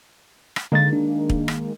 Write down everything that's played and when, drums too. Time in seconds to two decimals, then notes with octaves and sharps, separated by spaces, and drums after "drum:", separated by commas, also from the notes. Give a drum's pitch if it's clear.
0.56 drum: rim click
0.72 D3 D#3 G#3 A#3 A6
0.93 D4
1.30 drum: kick
1.48 drum: rim click